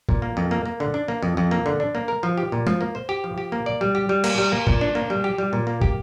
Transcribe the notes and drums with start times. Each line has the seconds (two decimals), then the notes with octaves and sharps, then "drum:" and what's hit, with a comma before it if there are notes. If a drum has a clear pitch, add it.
0.09 A#2, drum: kick
0.22 A#3
0.37 F2
0.51 A#3
0.65 A#3
0.80 D3
0.94 D4
1.08 A#3
1.23 F2
1.37 F2
1.51 A#3
1.66 D3
1.80 D4
1.95 A#3
2.08 A#4
2.23 F3
2.38 G4
2.52 A#2
2.67 F3, drum: tom
2.81 A#3
2.95 C5
3.09 G4
3.24 F3
3.38 G4
3.52 A#3
3.66 D5
3.81 G3
3.95 G4
4.09 G3
4.24 A#3, drum: cymbal
4.38 G3
4.52 A#3
4.67 A#2, drum: kick
4.81 D4
4.95 A#3
5.10 G3
5.24 G4
5.38 G3
5.53 A#2
5.67 A#3
5.81 G4, drum: kick